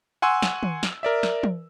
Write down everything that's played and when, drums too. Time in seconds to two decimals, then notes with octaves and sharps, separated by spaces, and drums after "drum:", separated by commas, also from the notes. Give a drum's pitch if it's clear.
0.22 F#5 G#5 C6 C#6 E6
0.42 drum: snare
0.63 drum: tom D#3
0.83 drum: snare
1.03 A#4 D5 E5
1.23 drum: snare
1.43 drum: tom